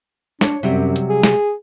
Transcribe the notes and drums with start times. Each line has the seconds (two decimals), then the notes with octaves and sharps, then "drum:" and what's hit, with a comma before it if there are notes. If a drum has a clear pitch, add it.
0.41 D4 C#5, drum: snare
0.63 F#2 C3 F#3 G3
0.96 drum: hi-hat
1.10 G#4
1.23 drum: snare